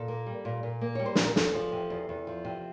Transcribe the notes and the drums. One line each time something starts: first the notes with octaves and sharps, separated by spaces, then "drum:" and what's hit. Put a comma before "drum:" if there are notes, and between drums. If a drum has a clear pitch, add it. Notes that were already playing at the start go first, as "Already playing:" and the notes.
Already playing: A#2 A4
A#3
G3
A#2
A#2
A#3
G3 C#5
C5
A#2 B4, drum: snare
A#4
E2 A4, drum: snare
F3
C3
E2
E2
F3
C3